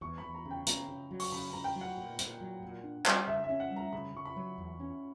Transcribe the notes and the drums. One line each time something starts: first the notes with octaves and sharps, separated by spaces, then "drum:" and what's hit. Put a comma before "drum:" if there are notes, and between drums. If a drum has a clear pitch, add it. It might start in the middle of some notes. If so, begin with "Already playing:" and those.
E2 C#6
B5
E2
A#5
C#3
G5
C#3 A#5, drum: hi-hat
C#3
F#3
C#6, drum: open hi-hat
C#3 B5
C#3 A#5
G5
F#3
F#5
A#2
A#2, drum: hi-hat
F#3
A#2
D4
G3, drum: clap
C#3 E5
E5
C#4
F#5
G3
A#5
C#3 B5
C#3 C#6
B5
F#3
E2
C#4